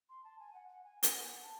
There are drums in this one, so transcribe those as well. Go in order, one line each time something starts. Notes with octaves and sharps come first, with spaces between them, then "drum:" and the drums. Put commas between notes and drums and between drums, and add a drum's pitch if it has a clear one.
C6
A5
G#5
F#5
F#5
G#5
F#5, drum: hi-hat
G#5
F#5
A5